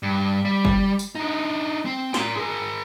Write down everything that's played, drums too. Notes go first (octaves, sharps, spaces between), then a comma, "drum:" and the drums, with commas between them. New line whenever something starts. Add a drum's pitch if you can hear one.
G2
G3
drum: kick G1
drum: tambourine
D4 D#4
C4
A#4 C6, drum: snare
G#4 A#4